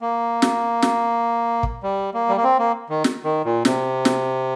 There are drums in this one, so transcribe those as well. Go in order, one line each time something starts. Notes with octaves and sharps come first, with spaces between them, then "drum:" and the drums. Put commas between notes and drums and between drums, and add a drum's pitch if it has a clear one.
A#3
drum: snare
drum: snare
drum: kick
G3
A#3
G3
A#3
C4
A#3
D#3
drum: snare
D#3
A#2
C3, drum: snare
drum: snare